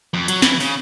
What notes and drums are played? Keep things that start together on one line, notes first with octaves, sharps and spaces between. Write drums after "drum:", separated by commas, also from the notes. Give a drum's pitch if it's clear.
F2
F#3, drum: hi-hat
E3, drum: snare
C#3, drum: open hi-hat